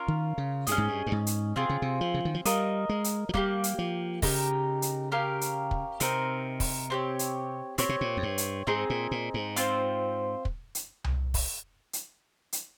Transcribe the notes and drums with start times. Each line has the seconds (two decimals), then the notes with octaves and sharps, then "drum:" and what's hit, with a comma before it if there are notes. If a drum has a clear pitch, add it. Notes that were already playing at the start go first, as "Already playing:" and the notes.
Already playing: C#4 F4 A#4
0.08 D#3
0.38 C#3
0.67 G2 C#4 G#4 D#5, drum: hi-hat
0.78 G#2
0.88 G2
1.07 G2
1.12 G#2
1.27 drum: hi-hat
1.56 C3 C4 F4 G#4
1.69 C#3
1.82 C3
2.01 F3
2.14 C#3
2.25 D#3
2.34 F3
2.45 G3 F4 A#4 D#5, drum: hi-hat
2.89 G#3
3.04 drum: hi-hat
3.29 F3
3.34 G3 A#3 D#4 G4, drum: kick
3.64 drum: hi-hat
3.79 F3
4.22 C#3 D#4 G4 A#4, drum: kick, open hi-hat
4.82 drum: hi-hat
5.12 C#4 G4 A#4 F5
5.41 drum: hi-hat
5.71 drum: kick
6.00 C3 C4 D#4 A#4, drum: hi-hat
6.60 drum: kick, open hi-hat
6.90 C4 G4 C#5
7.19 drum: hi-hat
7.78 A#2 C4 G4 C#5, drum: hi-hat
7.89 C3
8.01 A#2
8.17 F2
8.23 G2
8.38 drum: hi-hat
8.67 G#2 C4 D#4 G#4
8.90 A#2
9.11 A#2
9.34 G#2
9.56 C4 F4 C5, drum: hi-hat
10.45 drum: kick
10.75 drum: hi-hat
11.04 drum: tom C2
11.34 drum: kick, open hi-hat
11.93 drum: hi-hat
12.53 drum: hi-hat